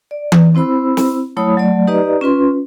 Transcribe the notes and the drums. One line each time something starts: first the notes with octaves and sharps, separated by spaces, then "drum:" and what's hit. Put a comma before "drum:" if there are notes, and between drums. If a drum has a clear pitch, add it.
D5
drum: tom E3
C4 E4 C5 B5 E6
drum: snare
F#3 A3 E4 C#5 B5 D#6
F#3 A3 D5
D#4 G4 B4 D5 D#5 A#5
C#4 F4 B4 C6